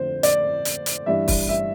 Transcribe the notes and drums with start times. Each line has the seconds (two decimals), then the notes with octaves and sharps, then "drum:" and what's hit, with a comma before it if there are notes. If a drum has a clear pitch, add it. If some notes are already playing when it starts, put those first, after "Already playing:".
Already playing: F2 D3 C5
0.23 D5, drum: hi-hat
0.65 drum: hi-hat
0.86 drum: hi-hat
1.06 G2 E3 E5
1.28 drum: kick, open hi-hat
1.49 E5